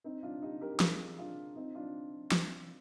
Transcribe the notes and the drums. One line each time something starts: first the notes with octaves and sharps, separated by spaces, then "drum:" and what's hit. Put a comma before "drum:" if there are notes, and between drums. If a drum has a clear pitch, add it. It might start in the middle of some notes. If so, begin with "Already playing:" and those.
C4 D#4
D4 F4
D#4 G4
G4 A#4
G4
F4 G#4, drum: snare
D4 F4
C4 D#4
D4 F4
drum: snare